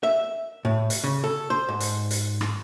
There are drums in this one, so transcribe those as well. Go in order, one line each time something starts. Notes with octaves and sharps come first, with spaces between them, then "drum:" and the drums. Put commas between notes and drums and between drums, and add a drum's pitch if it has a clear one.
E5
A2
drum: hi-hat
C#3
A4
C5
G#2
drum: hi-hat
drum: hi-hat
drum: rim click